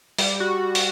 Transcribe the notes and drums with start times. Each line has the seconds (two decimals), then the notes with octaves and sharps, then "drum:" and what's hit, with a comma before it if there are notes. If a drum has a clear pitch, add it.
0.18 G3, drum: open hi-hat
0.40 F#4
0.75 drum: open hi-hat